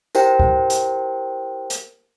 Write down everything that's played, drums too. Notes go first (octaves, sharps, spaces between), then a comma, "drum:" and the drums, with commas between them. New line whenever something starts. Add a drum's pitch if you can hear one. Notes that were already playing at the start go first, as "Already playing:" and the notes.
E4 G4 A#4 C5 G5, drum: tambourine
drum: kick
drum: hi-hat
drum: hi-hat